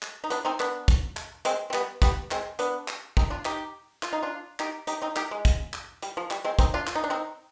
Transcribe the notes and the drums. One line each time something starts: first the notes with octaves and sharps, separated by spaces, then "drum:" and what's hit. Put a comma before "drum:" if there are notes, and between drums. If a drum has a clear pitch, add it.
drum: clap
D#4
B3 D4, drum: hi-hat
C4 D#4
B3 D4, drum: clap
drum: kick, hi-hat
drum: clap
G#3 C4, drum: hi-hat
C4
G3 B3, drum: clap
G3 B3, drum: kick, hi-hat
G#3 C4, drum: clap
B3 D4, drum: hi-hat
drum: clap
C4 D#4, drum: kick
D4 F4
D#4 G4, drum: clap
F4, drum: clap
D#4
D4 F4
D#4 G4, drum: clap
D#4 G4, drum: hi-hat
C4 D#4
D#4 G4, drum: clap
G#3
drum: kick, hi-hat
drum: clap
G3, drum: hi-hat
F3
G3, drum: clap
G#3 C4
C4 D#4, drum: kick, hi-hat
D4 F4
F4, drum: clap
D#4
D4
C4 D#4